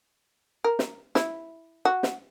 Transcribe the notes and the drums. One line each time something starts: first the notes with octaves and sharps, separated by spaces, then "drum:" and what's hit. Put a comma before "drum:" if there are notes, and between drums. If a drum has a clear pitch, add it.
A#4
drum: snare
E4, drum: snare
F#4
drum: snare